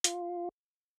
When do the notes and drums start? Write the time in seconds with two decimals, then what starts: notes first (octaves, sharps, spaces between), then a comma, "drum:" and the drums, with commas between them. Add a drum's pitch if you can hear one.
0.04 F4, drum: hi-hat